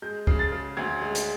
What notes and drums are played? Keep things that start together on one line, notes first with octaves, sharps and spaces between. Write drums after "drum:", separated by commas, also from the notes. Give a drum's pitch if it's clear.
G#3 G6
C#3, drum: kick
A6
C#3
D2 G#6
G#3
drum: hi-hat